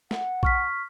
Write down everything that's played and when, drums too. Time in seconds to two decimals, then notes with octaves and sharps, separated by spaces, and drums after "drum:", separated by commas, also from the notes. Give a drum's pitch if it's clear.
0.11 F#5, drum: snare
0.43 C#6 F6 B6, drum: kick A#1